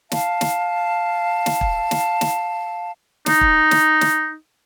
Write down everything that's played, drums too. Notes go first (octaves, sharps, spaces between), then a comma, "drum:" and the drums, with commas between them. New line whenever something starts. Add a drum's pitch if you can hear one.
F5 A5, drum: snare
drum: snare
drum: snare
drum: kick
drum: snare
drum: snare
D#4, drum: snare
drum: kick
drum: snare
drum: snare